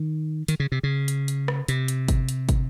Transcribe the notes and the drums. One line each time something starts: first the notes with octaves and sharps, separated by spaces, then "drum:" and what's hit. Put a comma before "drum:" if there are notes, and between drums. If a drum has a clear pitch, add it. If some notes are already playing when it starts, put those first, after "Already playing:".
Already playing: D#3
D#3, drum: hi-hat
C#3
C3
C#3
drum: hi-hat
drum: hi-hat
drum: rim click
C3, drum: hi-hat
drum: hi-hat
drum: kick, hi-hat
drum: hi-hat
drum: kick, hi-hat